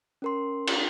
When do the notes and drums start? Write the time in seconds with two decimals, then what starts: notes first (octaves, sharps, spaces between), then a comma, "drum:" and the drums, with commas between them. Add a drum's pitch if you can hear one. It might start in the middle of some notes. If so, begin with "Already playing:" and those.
0.22 C#4 A#4 C6
0.67 drum: cymbal